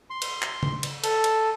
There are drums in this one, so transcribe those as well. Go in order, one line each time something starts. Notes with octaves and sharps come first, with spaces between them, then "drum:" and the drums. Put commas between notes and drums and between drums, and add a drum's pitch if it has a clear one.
C6
drum: cymbal
drum: clap
drum: tom C#3
drum: cymbal
A4, drum: cymbal
drum: cymbal